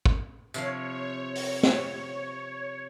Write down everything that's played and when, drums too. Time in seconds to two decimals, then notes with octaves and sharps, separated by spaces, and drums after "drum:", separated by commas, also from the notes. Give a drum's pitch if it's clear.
0.05 drum: kick
0.54 C3 F3 C#5 F5, drum: tambourine
1.35 drum: open hi-hat
1.63 drum: snare